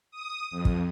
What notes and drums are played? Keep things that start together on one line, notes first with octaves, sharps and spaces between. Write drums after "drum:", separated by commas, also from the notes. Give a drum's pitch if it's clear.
D#6
F2
drum: kick